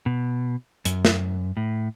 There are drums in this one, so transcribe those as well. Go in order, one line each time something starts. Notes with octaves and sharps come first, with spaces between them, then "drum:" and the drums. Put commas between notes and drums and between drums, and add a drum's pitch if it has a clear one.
B2
F#2, drum: hi-hat
drum: snare
A2